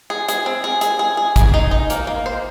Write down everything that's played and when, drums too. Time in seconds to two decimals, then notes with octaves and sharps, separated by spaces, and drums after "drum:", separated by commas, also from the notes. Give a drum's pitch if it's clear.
0.10 G#4
0.28 G#4, drum: hi-hat
0.46 C4
0.64 G#4
0.81 G#4, drum: hi-hat
0.99 G#4
1.17 G#4
1.36 G#4, drum: kick, hi-hat
1.54 D#4
1.71 D#4
1.90 A#3, drum: hi-hat
2.07 A#3
2.26 C5